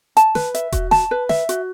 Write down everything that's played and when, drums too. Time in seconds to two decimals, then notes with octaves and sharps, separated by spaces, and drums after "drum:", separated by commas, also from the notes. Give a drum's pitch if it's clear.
0.17 A5, drum: hi-hat
0.35 B4, drum: snare
0.54 E5, drum: hi-hat
0.72 F#4, drum: kick E1, hi-hat
0.91 A5, drum: snare
1.11 B4
1.29 E5, drum: snare
1.49 F#4, drum: hi-hat